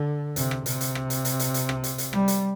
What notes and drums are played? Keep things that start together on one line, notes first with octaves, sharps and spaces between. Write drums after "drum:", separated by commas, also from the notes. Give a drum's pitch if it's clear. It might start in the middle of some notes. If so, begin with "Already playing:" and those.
Already playing: D3
C3, drum: hi-hat
drum: rim click
C3, drum: hi-hat
drum: hi-hat
drum: rim click
drum: hi-hat
drum: hi-hat
drum: hi-hat
drum: hi-hat
drum: rim click
drum: hi-hat
drum: hi-hat
G3, drum: rim click
drum: hi-hat